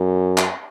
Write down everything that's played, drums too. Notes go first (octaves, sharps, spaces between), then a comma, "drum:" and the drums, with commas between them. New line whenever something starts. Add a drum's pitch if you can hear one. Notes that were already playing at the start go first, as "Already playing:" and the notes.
Already playing: F#2
drum: clap